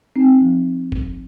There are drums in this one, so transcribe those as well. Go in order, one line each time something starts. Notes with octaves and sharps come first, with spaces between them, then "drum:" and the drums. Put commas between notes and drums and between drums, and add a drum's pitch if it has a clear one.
C4 D#4
F3
drum: kick F#1